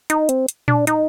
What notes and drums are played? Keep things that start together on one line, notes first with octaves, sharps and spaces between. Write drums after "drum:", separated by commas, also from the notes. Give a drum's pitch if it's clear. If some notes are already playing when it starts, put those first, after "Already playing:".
D#4, drum: hi-hat
C4, drum: hi-hat
drum: hi-hat
D4, drum: tom A#2
D#4, drum: hi-hat